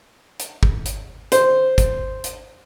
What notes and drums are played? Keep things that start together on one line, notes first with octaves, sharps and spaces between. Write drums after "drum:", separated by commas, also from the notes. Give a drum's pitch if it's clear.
drum: hi-hat
drum: kick
drum: hi-hat
C5, drum: hi-hat
drum: kick, hi-hat
drum: hi-hat